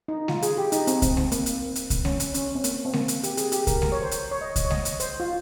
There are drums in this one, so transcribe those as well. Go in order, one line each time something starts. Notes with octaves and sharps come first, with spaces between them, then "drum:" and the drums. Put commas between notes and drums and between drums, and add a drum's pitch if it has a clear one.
D#4
F4, drum: snare G#3
G#4, drum: hi-hat
G4
D#4, drum: hi-hat
C4, drum: hi-hat
C4, drum: kick C2, hi-hat
C4, drum: snare G#3
A#3, drum: hi-hat
drum: hi-hat
drum: hi-hat
drum: kick C2, hi-hat
C#4, drum: snare G#3
drum: hi-hat
C#4, drum: hi-hat
C4
A#3, drum: hi-hat
C4
A#3, drum: snare G#3
drum: hi-hat
G4, drum: hi-hat
G#4, drum: hi-hat
G4, drum: hi-hat
A#4, drum: kick C2, hi-hat
A#4, drum: snare G#3
C#5
C5
drum: hi-hat
C#5
D#5
drum: kick C2, hi-hat
C#5
D#5, drum: snare G#3
drum: hi-hat
C5, drum: hi-hat
F4